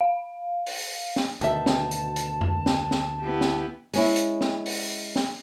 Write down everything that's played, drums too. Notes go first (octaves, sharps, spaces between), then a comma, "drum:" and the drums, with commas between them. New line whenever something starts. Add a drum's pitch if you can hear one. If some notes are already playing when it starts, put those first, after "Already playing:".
F5
drum: open hi-hat
drum: snare
D2 B2 D#3 E5 A5, drum: hi-hat
drum: snare
drum: hi-hat
drum: hi-hat
drum: tom F2
drum: snare
drum: snare
B3 E4 G4
drum: snare
G#3 C#4 E4, drum: open hi-hat
drum: hi-hat
drum: snare
drum: open hi-hat
drum: snare